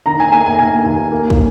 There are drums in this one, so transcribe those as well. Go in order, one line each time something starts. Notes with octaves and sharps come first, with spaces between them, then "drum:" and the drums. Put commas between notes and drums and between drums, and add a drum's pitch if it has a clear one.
D#3 A#5
G#5
A#3 G#5
G#5
A#3 G#5
D#2
A#3
drum: kick